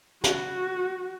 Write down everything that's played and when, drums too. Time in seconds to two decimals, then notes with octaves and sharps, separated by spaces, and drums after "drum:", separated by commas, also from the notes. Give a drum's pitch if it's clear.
0.24 F#4, drum: snare